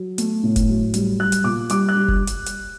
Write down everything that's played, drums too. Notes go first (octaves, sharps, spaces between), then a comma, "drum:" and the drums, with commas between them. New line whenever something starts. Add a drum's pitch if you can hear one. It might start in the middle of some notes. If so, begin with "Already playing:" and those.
Already playing: F#3
A3, drum: hi-hat
A2
drum: kick F1, hi-hat
F#3
G3, drum: hi-hat
G3 F#6
drum: hi-hat
A#2 D6
G3 D6, drum: hi-hat
F#6
G3
drum: kick F1
drum: hi-hat
drum: hi-hat